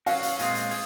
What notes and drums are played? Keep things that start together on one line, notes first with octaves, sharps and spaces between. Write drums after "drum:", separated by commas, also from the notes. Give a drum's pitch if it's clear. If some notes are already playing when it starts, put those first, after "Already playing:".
F#3 C#4 F#4 F5, drum: open hi-hat
drum: hi-hat
A#2 G#3 C4 F4 G#4, drum: hi-hat
drum: hi-hat
G#4, drum: open hi-hat